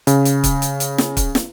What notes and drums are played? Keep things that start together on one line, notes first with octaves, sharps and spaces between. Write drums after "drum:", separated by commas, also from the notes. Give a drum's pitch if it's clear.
C#3, drum: hi-hat
drum: hi-hat
drum: kick, hi-hat
drum: hi-hat
drum: hi-hat
drum: snare
drum: kick, hi-hat
drum: snare